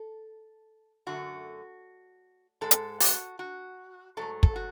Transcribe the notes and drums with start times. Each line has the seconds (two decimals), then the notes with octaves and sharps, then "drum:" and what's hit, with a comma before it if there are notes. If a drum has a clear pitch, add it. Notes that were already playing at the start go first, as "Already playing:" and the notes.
Already playing: A4
1.06 F#2 D3 A3 F#4
2.61 G#2 G#3 A4
2.71 drum: hi-hat
3.00 F#4, drum: open hi-hat
3.39 F#4
4.17 G#2 F#3 A3 A4
4.43 A4, drum: kick
4.56 F#4